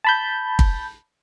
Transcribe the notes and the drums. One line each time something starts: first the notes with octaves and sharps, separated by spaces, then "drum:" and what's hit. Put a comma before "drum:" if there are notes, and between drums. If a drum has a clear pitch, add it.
A5 B5 G6
drum: kick